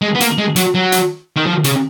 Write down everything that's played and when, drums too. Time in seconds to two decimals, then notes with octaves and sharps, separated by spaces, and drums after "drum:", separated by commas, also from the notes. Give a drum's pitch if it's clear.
0.02 G#3
0.15 B3
0.20 A#3, drum: hi-hat
0.38 G#3
0.56 F#3, drum: hi-hat
0.75 F#3
0.92 drum: hi-hat
1.36 D#3
1.46 F3
1.64 C#3, drum: hi-hat